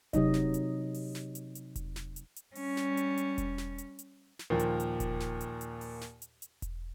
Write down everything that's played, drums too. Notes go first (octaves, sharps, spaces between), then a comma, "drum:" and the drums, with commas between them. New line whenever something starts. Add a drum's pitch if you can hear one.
C3 F#3 D#4 D#5, drum: kick E1, hi-hat
drum: snare
drum: hi-hat
drum: open hi-hat
drum: snare
drum: hi-hat
drum: hi-hat
drum: kick E1, hi-hat
drum: snare
drum: hi-hat
drum: hi-hat
G3 C#4, drum: open hi-hat
drum: snare
drum: hi-hat
drum: hi-hat
drum: kick E1, hi-hat
drum: snare
drum: hi-hat
drum: hi-hat
drum: snare
D#2 A#2 F3 A#3
drum: hi-hat
drum: hi-hat
drum: kick E1, hi-hat
drum: snare
drum: hi-hat
drum: hi-hat
drum: open hi-hat
drum: snare
drum: hi-hat
drum: hi-hat
drum: kick E1, hi-hat